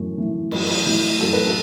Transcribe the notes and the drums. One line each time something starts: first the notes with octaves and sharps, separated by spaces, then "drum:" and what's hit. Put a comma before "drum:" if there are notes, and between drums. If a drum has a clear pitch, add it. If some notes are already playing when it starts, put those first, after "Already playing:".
Already playing: F#2 E3 A3
E3 A3
F#2, drum: cymbal
drum: cymbal
E3 A3
F#2 A4
B4
A4